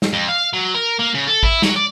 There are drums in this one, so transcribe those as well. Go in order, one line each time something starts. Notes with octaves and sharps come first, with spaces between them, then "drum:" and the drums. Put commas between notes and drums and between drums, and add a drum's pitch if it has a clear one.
drum: snare
F2
F5
F#3
A#4
A#3
C#3
A4
E4, drum: kick
F#3, drum: snare
D5